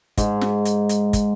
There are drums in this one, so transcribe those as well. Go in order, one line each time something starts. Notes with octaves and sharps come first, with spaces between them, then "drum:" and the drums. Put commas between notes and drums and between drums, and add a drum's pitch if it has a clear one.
G#2, drum: kick, hi-hat
drum: snare
drum: hi-hat
drum: hi-hat
drum: kick, hi-hat